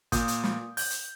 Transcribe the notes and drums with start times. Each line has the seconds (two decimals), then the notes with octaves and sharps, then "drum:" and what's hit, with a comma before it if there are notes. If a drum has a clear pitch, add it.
0.12 A#2 D#6 G6, drum: kick, hi-hat
0.28 drum: hi-hat
0.43 drum: snare
0.77 G6, drum: open hi-hat
0.91 drum: hi-hat